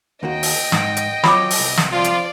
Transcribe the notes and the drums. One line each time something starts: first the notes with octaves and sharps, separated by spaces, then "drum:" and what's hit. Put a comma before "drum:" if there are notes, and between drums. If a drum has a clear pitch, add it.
D#2 A#3 F#4 D#5 G5
drum: open hi-hat
G#2, drum: snare
drum: hi-hat
F#3 F4 C#5 B5 C#6 D6, drum: snare
drum: open hi-hat
C2
drum: snare
F3 F4 D5
drum: hi-hat